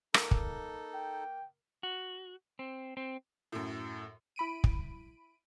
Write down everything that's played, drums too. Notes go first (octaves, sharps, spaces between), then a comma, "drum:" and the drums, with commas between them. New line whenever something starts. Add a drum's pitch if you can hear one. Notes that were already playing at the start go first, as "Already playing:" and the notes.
A#3 D#4 A4, drum: rim click
drum: kick
G5
F#4
C4
C4
F#2 A2
E4 B5 D7 D#7
drum: kick